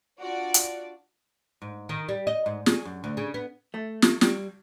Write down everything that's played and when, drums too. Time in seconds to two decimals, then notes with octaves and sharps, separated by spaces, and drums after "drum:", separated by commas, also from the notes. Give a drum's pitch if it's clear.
0.20 D4 F4 F#4 D5
0.54 drum: hi-hat
1.62 G#2
1.89 D#3
2.09 G3
2.27 D#5
2.46 G#2
2.66 G#4, drum: snare
2.85 F#2
3.04 D2
3.17 C#3
3.34 B3
3.74 A3
4.02 drum: snare
4.21 G3, drum: snare